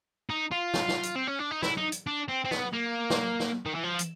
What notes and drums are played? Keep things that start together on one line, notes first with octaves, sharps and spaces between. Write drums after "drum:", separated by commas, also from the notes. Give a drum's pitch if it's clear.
D#4
F4
drum: snare
drum: snare
drum: hi-hat
C4
C#4
D4
D#4
E4, drum: snare
D#4
drum: hi-hat
D4
C4
C4
B3, drum: snare
A#3
drum: snare
drum: snare
D#3
E3
F3
drum: hi-hat